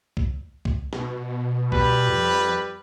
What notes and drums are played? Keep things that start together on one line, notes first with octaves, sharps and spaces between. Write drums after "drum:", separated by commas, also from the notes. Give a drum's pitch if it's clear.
drum: kick
drum: kick
B2, drum: snare
G3 B4, drum: kick
F2